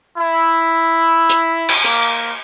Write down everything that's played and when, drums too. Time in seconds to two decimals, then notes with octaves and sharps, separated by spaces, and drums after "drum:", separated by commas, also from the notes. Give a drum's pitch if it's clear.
0.18 E4
1.29 drum: hi-hat
1.69 drum: cymbal
1.84 A#3, drum: hi-hat